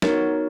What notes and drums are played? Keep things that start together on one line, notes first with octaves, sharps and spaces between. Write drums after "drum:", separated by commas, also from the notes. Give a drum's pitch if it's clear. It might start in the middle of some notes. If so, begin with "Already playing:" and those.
B3 D#4 F#4 A#4 C#5, drum: snare